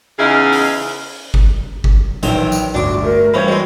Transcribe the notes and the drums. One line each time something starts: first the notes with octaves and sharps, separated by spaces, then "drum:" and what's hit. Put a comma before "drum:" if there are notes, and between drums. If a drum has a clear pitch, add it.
E2 C#3 D#4 E4 G#4 F5
drum: open hi-hat
drum: kick G1
drum: kick G1
A#1 D#3 E3 F#3 G5 G7, drum: hi-hat
drum: tambourine
G1 D2 D4 F#4 D6
A3 A#4
G2 E3 C#4 C5 B5 C#6 G#6
G#3 C4 F#4